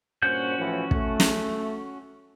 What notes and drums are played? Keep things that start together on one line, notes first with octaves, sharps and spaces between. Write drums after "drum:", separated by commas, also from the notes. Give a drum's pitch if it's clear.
G2 A#2 C#4 F#4 C5 G6
A2 E3 F3
A3, drum: kick
drum: snare